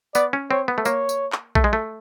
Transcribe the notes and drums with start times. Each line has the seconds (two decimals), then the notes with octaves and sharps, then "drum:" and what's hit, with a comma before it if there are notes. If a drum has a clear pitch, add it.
0.15 B3 D5, drum: tambourine
0.33 C#4
0.51 C4 C#5
0.68 B3
0.78 A3
0.85 A#3 C#5, drum: tambourine
1.09 drum: tambourine
1.32 drum: clap
1.55 A3, drum: kick A#1
1.64 G#3
1.73 A3